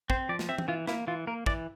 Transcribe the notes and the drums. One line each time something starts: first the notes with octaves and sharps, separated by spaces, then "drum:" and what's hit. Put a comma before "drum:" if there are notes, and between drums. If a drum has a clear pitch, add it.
C4 C5, drum: kick
F3 D5
drum: snare
C4 E5
drum: tom E3
E3 F4
A#3 E4, drum: snare
E3 F4
A#3 A#4
E3 D5, drum: kick